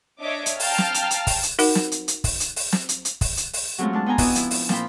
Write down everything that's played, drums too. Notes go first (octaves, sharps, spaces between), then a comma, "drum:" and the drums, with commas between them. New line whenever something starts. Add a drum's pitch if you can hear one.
D4 C#5 D#5 E5 D6
drum: hi-hat
F5 G5 A5 A#5 F6, drum: open hi-hat
drum: snare
drum: hi-hat
drum: hi-hat
drum: kick, open hi-hat
drum: hi-hat
D#4 F#4 A#4 F#5 B5, drum: open hi-hat
drum: snare
drum: hi-hat
drum: hi-hat
drum: kick, open hi-hat
drum: hi-hat
drum: open hi-hat
drum: snare
drum: hi-hat
drum: hi-hat
drum: kick, open hi-hat
drum: hi-hat
drum: open hi-hat
F#3 G#3 A3 C4 C#4 F4
G#3 D4 A5
B3 C5 G5 G#5 A#5
B3 D4 E4 F#4 D#5, drum: kick, open hi-hat
F3 E4, drum: hi-hat
drum: open hi-hat
A#2 F3 C4 C5 G5 B5, drum: snare